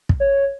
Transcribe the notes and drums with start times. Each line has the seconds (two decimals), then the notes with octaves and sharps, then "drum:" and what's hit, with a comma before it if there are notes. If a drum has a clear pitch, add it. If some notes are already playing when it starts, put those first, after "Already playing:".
0.09 drum: kick
0.20 C#5